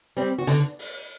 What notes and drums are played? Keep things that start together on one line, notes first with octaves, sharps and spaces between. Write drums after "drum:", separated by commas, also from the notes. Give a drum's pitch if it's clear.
G3 C4
F#4
D3, drum: hi-hat
drum: open hi-hat